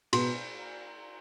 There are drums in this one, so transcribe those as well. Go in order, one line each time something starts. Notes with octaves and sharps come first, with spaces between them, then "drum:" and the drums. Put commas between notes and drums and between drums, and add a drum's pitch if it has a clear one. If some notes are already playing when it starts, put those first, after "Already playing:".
B2 C6, drum: cymbal